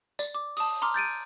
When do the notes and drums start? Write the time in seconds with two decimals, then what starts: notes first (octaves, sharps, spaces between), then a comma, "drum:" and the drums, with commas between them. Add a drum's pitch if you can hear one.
0.19 D5, drum: tambourine
0.34 D6
0.57 A5 D#6, drum: open hi-hat
0.82 A#5 C6 D6 F6
0.94 G6 A6 D7 D#7